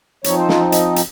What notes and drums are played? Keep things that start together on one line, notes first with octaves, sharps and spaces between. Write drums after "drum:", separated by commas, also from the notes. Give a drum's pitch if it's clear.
F3 C4 D#4 C#5, drum: hi-hat
C5
F4, drum: snare
D#5
D#5, drum: hi-hat
drum: hi-hat